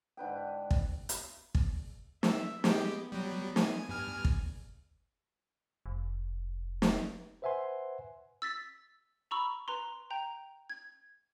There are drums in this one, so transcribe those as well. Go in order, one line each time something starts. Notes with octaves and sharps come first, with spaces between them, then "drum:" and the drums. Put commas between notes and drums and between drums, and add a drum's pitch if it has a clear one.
G#2 D3 B4 G5
drum: kick
drum: hi-hat
drum: kick
E5, drum: snare
G#3 B3 G4, drum: snare
F#3 G3
G#5, drum: snare
G2 G#5 F6
drum: kick
F1
drum: snare
B4 C5 E5 F#5 G#5 C6
E6 A6 B6
A#5 B5 C#6 E6
B4 A#5 C6
G5 A#5 G6
G#6